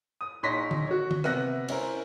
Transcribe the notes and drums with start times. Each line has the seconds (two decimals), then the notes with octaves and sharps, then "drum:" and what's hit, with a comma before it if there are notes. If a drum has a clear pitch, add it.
0.21 D#6
0.43 A#1 D#4 C#5 C6 A#6 B6
0.71 drum: tom
0.87 F#4 C#5
1.11 drum: tom
1.24 C3 B3 E5 F#5 F#6 A#6, drum: rim click
1.68 C#4 E4 A#4 C5, drum: cymbal